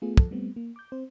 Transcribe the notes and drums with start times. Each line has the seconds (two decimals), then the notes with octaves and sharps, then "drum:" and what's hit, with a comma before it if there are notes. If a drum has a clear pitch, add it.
0.02 A3 B3 F4 G#4
0.17 F3 A4, drum: kick
0.31 G3 A3 B3 C4
0.56 A#3
0.76 D6 G6
0.92 C4 C5